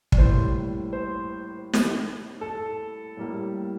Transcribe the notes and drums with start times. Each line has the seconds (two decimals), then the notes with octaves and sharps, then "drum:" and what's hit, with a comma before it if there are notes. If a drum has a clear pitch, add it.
0.12 D5, drum: kick
0.18 A2 G3 A#3 C5
0.93 C5
1.73 drum: snare
2.41 A4
3.17 A2 G3 A#3